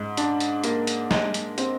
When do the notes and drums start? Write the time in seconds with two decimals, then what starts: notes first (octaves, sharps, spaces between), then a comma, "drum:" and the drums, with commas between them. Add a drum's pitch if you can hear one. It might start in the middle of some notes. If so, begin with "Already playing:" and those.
Already playing: G#2
0.17 D4, drum: hi-hat
0.40 drum: hi-hat
0.64 A#3, drum: hi-hat
0.87 drum: hi-hat
1.11 G#3, drum: snare
1.34 drum: hi-hat
1.58 C4, drum: hi-hat